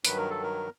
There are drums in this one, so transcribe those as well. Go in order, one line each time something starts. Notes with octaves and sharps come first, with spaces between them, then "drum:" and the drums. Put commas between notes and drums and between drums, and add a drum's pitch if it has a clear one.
G2 D#3 F#3 B4, drum: hi-hat
A#4
A4
A#4